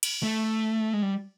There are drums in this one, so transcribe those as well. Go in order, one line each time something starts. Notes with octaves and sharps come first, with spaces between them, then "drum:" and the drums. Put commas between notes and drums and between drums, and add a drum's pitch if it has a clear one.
drum: cymbal
A3
G#3
G3